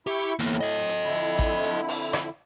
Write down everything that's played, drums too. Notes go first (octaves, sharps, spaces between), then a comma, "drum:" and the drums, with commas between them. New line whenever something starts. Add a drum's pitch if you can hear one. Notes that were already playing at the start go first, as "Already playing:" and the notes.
E4 G4 C#6
E2 A2 A#3, drum: hi-hat
A4 D#5
drum: hi-hat
F2 D3 E4
drum: hi-hat
drum: kick A1, hi-hat
drum: hi-hat
drum: open hi-hat
drum: rim click